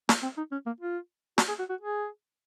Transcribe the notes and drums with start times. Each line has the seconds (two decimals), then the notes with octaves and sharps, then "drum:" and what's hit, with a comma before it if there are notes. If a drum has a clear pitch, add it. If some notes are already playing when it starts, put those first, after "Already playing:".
0.09 A#3, drum: snare
0.23 C4
0.37 D#4
0.52 C#4
0.66 A#3
0.80 F4
1.38 F#4, drum: snare
1.48 G#4
1.59 F#4
1.70 F#4
1.81 G#4